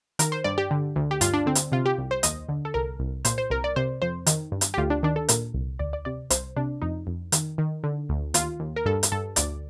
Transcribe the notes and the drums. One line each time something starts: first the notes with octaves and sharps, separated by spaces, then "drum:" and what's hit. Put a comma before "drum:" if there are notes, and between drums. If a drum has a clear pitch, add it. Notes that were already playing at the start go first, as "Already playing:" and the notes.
D#3 A#4, drum: hi-hat
C5
G2 D5
G4
D3
D2
G4
G2 F4, drum: hi-hat
D4
D3 C4
drum: hi-hat
C3 F4
G4
C2
C5
D#2 D#5, drum: hi-hat
D3
A4
C2 A#4
C2
A#2 C5, drum: hi-hat
C5
C2 A#4
D5
C3 C5
F2 C5
D#3, drum: hi-hat
G2
drum: hi-hat
G4
D2 F4
D4
D#3 D4
A4
A#2 A#4, drum: hi-hat
C2
D2 D5
D5
C3 D5
C2 C5, drum: hi-hat
C3 D4
F2 D#4
F2
D#3, drum: hi-hat
D#3
D3
D2
D#2 F4, drum: hi-hat
D#2
A#4
G2 A4
drum: hi-hat
G2 A4
D2 D5, drum: hi-hat